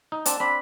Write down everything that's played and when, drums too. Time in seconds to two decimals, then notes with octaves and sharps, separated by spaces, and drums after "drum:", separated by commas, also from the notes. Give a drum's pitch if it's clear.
0.12 D#4
0.26 C4 D4 A5, drum: hi-hat
0.40 C4 D4 B5